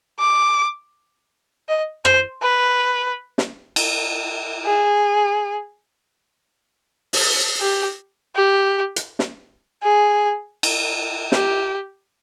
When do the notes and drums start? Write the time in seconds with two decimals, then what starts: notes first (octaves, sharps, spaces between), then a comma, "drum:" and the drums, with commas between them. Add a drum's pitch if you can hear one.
0.19 D6
1.69 D#5
2.05 C5, drum: rim click
2.42 B4
3.38 drum: snare
3.76 drum: cymbal
4.65 G#4
7.13 drum: open hi-hat
7.61 G4
8.36 G4
8.96 drum: hi-hat
9.19 drum: snare
9.83 G#4
10.63 drum: cymbal
11.32 G4, drum: snare